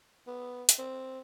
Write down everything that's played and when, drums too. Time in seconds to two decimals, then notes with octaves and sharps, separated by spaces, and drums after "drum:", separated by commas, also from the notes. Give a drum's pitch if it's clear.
0.27 B3
0.69 drum: hi-hat
0.78 C4